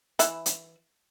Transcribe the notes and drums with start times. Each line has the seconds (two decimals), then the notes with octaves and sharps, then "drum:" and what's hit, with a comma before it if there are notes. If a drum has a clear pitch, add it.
0.19 E3 E4, drum: hi-hat
0.46 drum: hi-hat